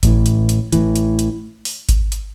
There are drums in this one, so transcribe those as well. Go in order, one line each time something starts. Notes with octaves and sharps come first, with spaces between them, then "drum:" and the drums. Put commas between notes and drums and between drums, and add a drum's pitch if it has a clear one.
A1 A2 E3, drum: kick G#1, hi-hat
drum: hi-hat
drum: hi-hat
A1 A2 E3, drum: hi-hat
drum: hi-hat
drum: hi-hat
drum: open hi-hat
drum: kick G#1, hi-hat
drum: hi-hat